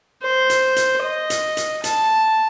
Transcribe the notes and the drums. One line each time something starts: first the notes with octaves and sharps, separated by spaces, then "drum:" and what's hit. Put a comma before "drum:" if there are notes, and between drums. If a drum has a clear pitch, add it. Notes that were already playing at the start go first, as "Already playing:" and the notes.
C5
drum: hi-hat
drum: hi-hat
D#5
drum: hi-hat
drum: hi-hat
A5, drum: hi-hat